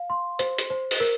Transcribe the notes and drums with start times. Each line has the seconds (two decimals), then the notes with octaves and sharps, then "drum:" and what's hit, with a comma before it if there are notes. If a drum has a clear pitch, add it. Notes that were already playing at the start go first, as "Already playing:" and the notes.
Already playing: F5
0.10 C6
0.39 C5, drum: hi-hat
0.58 drum: hi-hat
0.70 C5
0.91 drum: open hi-hat
1.00 A#4